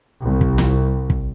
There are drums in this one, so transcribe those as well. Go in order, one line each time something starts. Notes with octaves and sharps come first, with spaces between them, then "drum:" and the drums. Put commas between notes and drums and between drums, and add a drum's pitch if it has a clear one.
C2
drum: kick
drum: snare
drum: kick